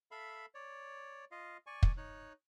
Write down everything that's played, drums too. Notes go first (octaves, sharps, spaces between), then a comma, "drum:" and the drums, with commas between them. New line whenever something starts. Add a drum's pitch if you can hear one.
A4 E5 F5 B5
C#5 D5
F4 D#5 F5
D5 G#5 C#6
drum: kick
D#4 C#5 F#6